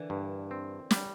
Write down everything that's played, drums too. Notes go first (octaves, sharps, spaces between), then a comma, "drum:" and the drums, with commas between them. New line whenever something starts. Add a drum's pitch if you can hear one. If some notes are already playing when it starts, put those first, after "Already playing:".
Already playing: D3 E3 A#3
G2
C4
G3, drum: snare